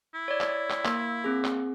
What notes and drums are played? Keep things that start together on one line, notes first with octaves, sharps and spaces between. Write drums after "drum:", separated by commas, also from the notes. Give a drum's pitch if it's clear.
E4
C#5 D5
drum: clap
drum: clap
A#3, drum: clap
C4 G#4
drum: clap